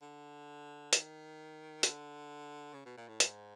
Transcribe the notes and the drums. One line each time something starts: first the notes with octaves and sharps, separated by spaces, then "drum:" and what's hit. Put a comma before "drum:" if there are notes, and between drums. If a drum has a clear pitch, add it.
D3
D#3, drum: hi-hat
D3, drum: hi-hat
C#3
B2
A#2
A2
G#2, drum: hi-hat